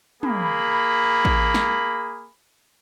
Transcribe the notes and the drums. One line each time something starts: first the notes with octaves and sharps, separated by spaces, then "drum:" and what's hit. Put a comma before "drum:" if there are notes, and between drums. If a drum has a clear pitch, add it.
A#3 G#4 B5, drum: tom
drum: kick A1
drum: snare